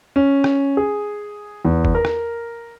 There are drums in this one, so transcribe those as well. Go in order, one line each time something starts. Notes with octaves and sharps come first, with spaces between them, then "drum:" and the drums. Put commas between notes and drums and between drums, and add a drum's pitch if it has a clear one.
C#4
drum: rim click
G#4
E2
drum: kick F1
A#4
drum: rim click